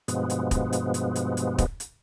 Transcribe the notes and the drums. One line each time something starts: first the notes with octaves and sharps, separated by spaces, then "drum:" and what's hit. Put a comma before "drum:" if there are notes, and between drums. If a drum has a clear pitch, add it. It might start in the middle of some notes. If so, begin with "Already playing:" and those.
G2 B2 F3 G#3 B3, drum: hi-hat
drum: hi-hat
drum: kick, hi-hat
drum: hi-hat
drum: hi-hat
drum: hi-hat
drum: hi-hat
drum: kick, hi-hat
drum: hi-hat